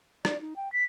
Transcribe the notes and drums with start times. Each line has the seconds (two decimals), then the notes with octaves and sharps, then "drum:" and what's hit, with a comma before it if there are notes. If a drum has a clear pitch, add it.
0.25 D5, drum: rim click
0.41 D#4
0.56 G5
0.72 B6